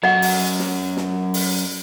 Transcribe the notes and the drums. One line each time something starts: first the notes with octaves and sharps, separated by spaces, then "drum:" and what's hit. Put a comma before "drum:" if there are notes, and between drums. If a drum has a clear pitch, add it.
F#2 F#4 D#5 F#5
drum: open hi-hat
drum: snare
drum: snare
drum: open hi-hat